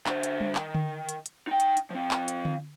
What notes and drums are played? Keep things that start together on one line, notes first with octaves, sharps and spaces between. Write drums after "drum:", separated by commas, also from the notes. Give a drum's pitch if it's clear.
D3 C5, drum: clap
drum: hi-hat
drum: tom G3
D#3, drum: clap
drum: tom D3
drum: hi-hat
drum: hi-hat
D#4 G5
drum: hi-hat
drum: hi-hat
F3 C4
drum: clap
drum: hi-hat
drum: tom D3